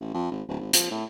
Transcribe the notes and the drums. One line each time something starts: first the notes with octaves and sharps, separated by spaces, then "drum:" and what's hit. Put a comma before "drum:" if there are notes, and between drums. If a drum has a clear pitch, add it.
A1
F2
G#1
D1
G#1
F3, drum: hi-hat
A2